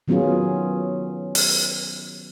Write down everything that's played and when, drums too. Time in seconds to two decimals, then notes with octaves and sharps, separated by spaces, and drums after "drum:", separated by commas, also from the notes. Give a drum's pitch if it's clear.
0.08 D#3 F#3 B3 C#4 F4 G#4
1.35 drum: open hi-hat